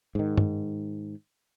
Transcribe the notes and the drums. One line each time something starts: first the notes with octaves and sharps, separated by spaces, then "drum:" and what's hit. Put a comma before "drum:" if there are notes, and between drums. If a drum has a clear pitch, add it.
G#2 D#3
drum: tom